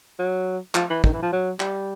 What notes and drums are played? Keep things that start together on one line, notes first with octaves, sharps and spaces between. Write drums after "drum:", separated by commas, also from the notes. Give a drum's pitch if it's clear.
F#3
F3, drum: clap
E3
D#3, drum: kick
E3
F3
F#3
G3, drum: clap